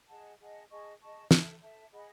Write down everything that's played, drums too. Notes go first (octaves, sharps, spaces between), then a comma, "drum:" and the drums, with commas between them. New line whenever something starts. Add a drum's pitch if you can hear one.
G#4 D#5 F#5 A5
G#4 D#5 F#5 A5
G#4 D#5 A5 C#6
G#4 D#5 A5 C#6
A4 E5 A5, drum: snare
A4 E5 A5
G#4 D#5 F#5 B5